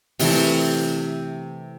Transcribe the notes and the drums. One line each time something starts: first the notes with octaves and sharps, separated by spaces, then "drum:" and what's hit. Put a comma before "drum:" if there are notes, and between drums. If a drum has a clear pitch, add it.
C3 E3 A3, drum: open hi-hat